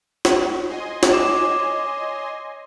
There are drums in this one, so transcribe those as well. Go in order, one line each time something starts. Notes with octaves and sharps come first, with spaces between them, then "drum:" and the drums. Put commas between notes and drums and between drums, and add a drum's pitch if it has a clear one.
drum: snare
D#5 G#5 C6
drum: snare
C#5 D6 E7